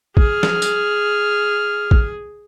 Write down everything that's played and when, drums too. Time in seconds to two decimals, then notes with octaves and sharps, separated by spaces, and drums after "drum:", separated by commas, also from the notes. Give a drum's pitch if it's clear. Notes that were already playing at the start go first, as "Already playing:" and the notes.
0.17 G#4 F6, drum: kick
0.43 drum: snare
0.62 drum: tambourine
1.91 drum: kick